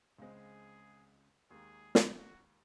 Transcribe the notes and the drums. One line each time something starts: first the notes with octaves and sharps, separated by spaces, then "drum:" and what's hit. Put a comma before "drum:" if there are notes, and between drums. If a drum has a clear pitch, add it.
C#2 C#3 G#3 C4 G#4
D#2 D#3 G#3 G#4
drum: snare
F#4